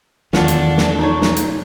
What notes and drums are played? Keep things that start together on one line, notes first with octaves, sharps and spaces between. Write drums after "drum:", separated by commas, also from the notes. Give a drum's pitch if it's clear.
E2 D#3 D4 F4 A4 F5 F#5, drum: snare
drum: hi-hat
drum: snare
B1 F3 D#4 C#5
drum: snare
drum: hi-hat